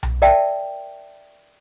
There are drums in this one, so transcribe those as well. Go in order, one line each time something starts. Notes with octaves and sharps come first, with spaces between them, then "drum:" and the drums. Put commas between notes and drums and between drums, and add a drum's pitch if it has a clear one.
drum: tom B1
A#4 D5 E5 G5 A5